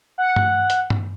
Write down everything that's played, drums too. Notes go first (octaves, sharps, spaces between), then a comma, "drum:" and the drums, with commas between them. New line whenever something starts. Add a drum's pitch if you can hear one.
F#5
drum: tom G2
drum: hi-hat
drum: tom G2